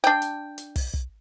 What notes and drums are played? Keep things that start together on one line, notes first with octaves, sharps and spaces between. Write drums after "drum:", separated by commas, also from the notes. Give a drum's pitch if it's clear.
D4 G5
drum: hi-hat
drum: hi-hat
drum: kick, open hi-hat
drum: kick